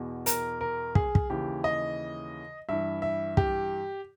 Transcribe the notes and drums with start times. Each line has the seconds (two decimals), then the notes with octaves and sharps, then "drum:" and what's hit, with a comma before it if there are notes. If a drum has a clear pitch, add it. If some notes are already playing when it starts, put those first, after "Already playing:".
Already playing: E2 B2
0.26 A#4, drum: hi-hat
0.61 A#4
0.95 G#4, drum: kick
1.15 drum: kick
1.30 D#2 C#3 E3 G4
1.64 D#5
2.69 G2 E3 E5
3.02 E5
3.37 G4, drum: kick